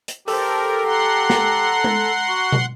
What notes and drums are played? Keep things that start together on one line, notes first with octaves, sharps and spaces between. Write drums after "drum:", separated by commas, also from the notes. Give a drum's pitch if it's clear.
drum: hi-hat
G4 A4 A#4 C5, drum: open hi-hat
F#5 A#5 C6
drum: snare
drum: tom G#3
F#4
drum: tom B2